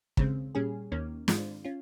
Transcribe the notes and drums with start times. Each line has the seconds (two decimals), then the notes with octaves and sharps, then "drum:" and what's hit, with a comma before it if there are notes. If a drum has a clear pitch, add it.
0.17 D#2 C#3 G#3 C4, drum: kick
0.55 A#2 G3 C#4 G#4
0.92 D#2 D#3 A#3 C#4
1.28 G#2 D#3 G#3 C4 F4, drum: snare
1.65 C#4 F4